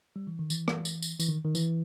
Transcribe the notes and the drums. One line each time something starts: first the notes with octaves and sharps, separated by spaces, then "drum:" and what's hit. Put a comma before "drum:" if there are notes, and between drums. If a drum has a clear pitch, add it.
G3
E3
D#3
E3, drum: tambourine
drum: rim click
drum: tambourine
drum: tambourine
E3, drum: tambourine
D#3
D#3
E3, drum: tambourine